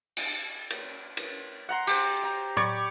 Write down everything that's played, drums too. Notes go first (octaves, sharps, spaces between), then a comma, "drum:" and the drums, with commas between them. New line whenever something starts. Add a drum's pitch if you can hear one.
drum: cymbal
drum: cymbal
drum: cymbal
F#5 A#5 C6
G4 C5, drum: cymbal
A#5
C#5 D5 B5 C#6, drum: tom A2